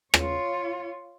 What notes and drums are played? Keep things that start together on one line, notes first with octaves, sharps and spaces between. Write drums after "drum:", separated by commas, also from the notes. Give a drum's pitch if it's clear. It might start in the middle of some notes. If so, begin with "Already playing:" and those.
F4 C#5, drum: rim click